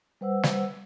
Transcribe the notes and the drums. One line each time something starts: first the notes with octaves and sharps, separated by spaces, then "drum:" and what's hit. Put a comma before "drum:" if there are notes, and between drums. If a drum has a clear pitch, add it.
G3 B4 C5 F#5 E6
drum: snare